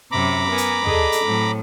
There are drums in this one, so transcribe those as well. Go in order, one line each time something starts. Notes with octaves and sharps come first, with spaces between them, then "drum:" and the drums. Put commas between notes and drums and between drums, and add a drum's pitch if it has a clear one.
F#2 C3 E5 A#5 B5 D6
B3 A#4 G#5
drum: hi-hat
D4 G#4 A4 D#5, drum: tom
drum: hi-hat
A2 F#3 C4